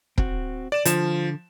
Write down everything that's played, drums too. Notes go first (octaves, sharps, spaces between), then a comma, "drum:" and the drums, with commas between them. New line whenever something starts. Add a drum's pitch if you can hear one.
C4 F#4, drum: kick E1
D5 E7
D3 F3 E7, drum: hi-hat